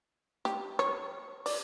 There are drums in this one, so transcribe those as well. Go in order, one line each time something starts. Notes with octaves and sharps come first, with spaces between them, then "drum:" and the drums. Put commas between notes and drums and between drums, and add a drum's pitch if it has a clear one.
G4, drum: snare
C#5, drum: rim click
D5, drum: open hi-hat